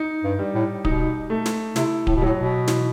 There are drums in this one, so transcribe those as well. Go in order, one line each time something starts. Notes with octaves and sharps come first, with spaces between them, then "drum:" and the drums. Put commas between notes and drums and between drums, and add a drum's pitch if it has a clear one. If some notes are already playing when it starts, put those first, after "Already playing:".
Already playing: D#4
G2
G3
A2
B2 D#4, drum: kick D1
A3
drum: snare
C3 E4, drum: snare
A2, drum: kick D1
B2
A2 F#3
B2
E3, drum: snare